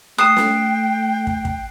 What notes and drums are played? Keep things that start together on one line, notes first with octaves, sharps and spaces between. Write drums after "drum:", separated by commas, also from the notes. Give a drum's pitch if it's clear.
A3 G5 D#6 F#6 C7 E7
drum: snare
drum: kick
drum: kick